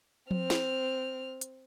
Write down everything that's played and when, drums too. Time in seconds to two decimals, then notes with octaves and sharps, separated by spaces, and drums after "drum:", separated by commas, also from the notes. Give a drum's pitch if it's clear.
0.31 C4 F6, drum: tom F3
0.50 drum: snare
1.41 drum: hi-hat